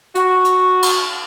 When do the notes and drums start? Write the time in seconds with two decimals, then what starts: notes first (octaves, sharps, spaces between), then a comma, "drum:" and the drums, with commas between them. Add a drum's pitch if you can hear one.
0.15 F#4, drum: hi-hat
0.45 drum: hi-hat
0.83 drum: cymbal